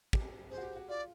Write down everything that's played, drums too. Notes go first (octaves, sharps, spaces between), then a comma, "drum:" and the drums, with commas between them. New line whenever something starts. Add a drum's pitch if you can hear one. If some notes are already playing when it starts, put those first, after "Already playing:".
G4, drum: kick
G#4 C5
F#4
G4
F#4
F4 D5